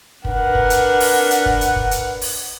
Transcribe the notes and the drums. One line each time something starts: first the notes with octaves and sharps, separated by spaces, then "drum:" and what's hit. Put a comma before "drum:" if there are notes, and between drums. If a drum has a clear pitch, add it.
D4 A#4 B4 F#5, drum: kick
drum: kick
drum: hi-hat
drum: open hi-hat
drum: hi-hat
drum: kick
drum: hi-hat
drum: kick
drum: hi-hat
drum: open hi-hat